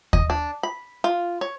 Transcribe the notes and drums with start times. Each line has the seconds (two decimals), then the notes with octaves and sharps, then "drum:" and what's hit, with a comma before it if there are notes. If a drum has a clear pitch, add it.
0.13 D#5, drum: kick D#2
0.30 D4
0.63 B5
1.04 F4
1.41 C#5